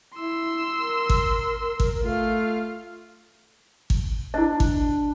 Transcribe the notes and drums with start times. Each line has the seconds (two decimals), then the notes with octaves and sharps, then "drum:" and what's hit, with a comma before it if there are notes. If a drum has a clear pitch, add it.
0.16 E4 C6 E6
0.76 A#4
1.09 drum: kick G#1
1.80 drum: kick G#1
2.03 A3 F4 F5
3.90 drum: kick G#1
4.34 D4 E4 D#5
4.60 drum: kick G#1